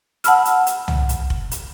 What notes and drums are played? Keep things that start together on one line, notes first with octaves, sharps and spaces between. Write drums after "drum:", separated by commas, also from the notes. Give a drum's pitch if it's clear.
F#5 A5 B5 E6 F6, drum: hi-hat
drum: hi-hat
drum: hi-hat
drum: tom
drum: hi-hat
drum: kick F1
drum: hi-hat